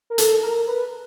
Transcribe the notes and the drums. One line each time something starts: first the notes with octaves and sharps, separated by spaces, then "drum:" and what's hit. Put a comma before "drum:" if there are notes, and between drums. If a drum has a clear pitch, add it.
A#4
A4, drum: hi-hat
A#4
B4